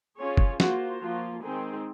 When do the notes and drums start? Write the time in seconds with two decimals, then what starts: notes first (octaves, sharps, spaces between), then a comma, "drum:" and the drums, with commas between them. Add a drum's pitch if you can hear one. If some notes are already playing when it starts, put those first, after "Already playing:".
0.18 C#4 F4 G#4 C#5
0.37 drum: kick F#1
0.60 A#3 F4 F#4 C5, drum: snare
1.02 F3 A#3 F4
1.42 D#3 G#3 C4 D#4 G#4